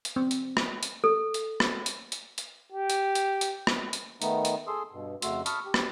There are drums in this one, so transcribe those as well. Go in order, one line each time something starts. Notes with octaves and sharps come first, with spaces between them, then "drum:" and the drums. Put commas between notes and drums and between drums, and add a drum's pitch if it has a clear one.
drum: hi-hat
C4
drum: hi-hat
drum: rim click
drum: hi-hat
A4
drum: hi-hat
drum: rim click
drum: hi-hat
drum: hi-hat
drum: hi-hat
G4
drum: hi-hat
drum: hi-hat
drum: hi-hat
drum: rim click
drum: hi-hat
D#3 A3 B3 D#4, drum: hi-hat
drum: hi-hat
G#4 A4 C6 D#6 E6
G2 B2
F2 C#3 A3 F#4 C6 E6, drum: hi-hat
A5 B5 C#6 D#6 F6, drum: hi-hat
G4
drum: rim click